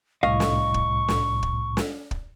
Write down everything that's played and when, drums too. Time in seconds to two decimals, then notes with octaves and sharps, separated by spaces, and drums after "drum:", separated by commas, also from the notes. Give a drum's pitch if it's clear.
0.23 C2 A2 D#5 F5 C#6
0.40 drum: snare
0.74 drum: kick
1.08 drum: snare
1.43 drum: kick
1.77 drum: snare
2.11 drum: kick